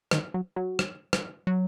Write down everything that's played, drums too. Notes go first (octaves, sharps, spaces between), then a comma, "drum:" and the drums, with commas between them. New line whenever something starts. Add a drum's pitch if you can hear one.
D#3, drum: rim click
F#3
F#3
drum: rim click
drum: rim click
F#3